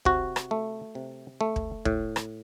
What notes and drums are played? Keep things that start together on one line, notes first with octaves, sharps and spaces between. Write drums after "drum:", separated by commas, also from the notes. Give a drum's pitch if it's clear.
C3 F#4, drum: kick
drum: rim click
A3
C3
A3
drum: kick
A2, drum: kick
drum: rim click